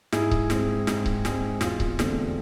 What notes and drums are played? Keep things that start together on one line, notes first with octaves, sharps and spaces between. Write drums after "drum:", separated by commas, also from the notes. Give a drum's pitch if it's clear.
G#2 E4 G#4, drum: snare
drum: kick C#1
G#3 C4, drum: snare
G#2, drum: snare
drum: kick C#1
G#3 C4, drum: snare
E1 F4, drum: snare
drum: kick C#1
E2 D3 A3 C4, drum: snare